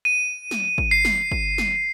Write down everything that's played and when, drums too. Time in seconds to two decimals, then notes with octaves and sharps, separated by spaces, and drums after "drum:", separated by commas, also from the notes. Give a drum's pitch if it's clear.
0.05 D#7
0.51 drum: snare
0.78 drum: kick
0.91 C7
1.05 drum: snare
1.32 drum: kick
1.58 drum: snare